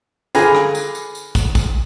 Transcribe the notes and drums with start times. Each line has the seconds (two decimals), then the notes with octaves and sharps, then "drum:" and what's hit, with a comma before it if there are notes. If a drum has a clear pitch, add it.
0.35 D3 F4 G#4 B4 A#5, drum: tambourine
0.55 drum: rim click
0.75 drum: tambourine
0.95 drum: tambourine
1.15 drum: tambourine
1.35 drum: kick, tambourine
1.55 drum: kick, tambourine